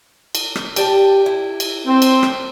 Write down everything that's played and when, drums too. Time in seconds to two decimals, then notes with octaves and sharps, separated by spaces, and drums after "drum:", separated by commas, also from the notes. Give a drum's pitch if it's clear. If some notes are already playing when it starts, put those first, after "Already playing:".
0.35 drum: cymbal
0.55 drum: rim click
0.76 G4 D5 A5, drum: cymbal
1.26 E4
1.60 drum: cymbal
1.86 C4
2.02 drum: cymbal
2.23 drum: rim click